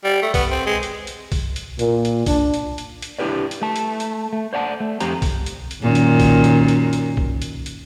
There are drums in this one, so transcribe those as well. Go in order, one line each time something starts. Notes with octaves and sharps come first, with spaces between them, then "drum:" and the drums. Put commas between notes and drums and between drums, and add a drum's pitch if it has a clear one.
G3
A3
B3, drum: kick B1, open hi-hat
C4
G#3
drum: hi-hat
drum: hi-hat
drum: kick B1, open hi-hat
drum: hi-hat
A#2, drum: hi-hat
drum: hi-hat
D4, drum: kick B1, open hi-hat
drum: hi-hat
drum: hi-hat
drum: hi-hat
D4 E4 G4 B4 D5
drum: hi-hat
A3 A5
drum: hi-hat
drum: hi-hat
A3
C5 D5 F#5 A5
A3
F2 C4 G4 C5 A#5, drum: hi-hat
drum: kick B1, open hi-hat
drum: hi-hat
drum: hi-hat
F#2 A#2 D#3
drum: hi-hat
drum: kick B1, open hi-hat
drum: hi-hat
drum: hi-hat
drum: hi-hat
drum: kick B1
drum: hi-hat
drum: hi-hat